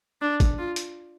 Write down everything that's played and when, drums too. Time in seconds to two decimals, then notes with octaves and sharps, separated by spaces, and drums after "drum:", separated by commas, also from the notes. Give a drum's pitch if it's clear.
0.21 D4
0.40 drum: kick, hi-hat
0.58 F4
0.76 drum: hi-hat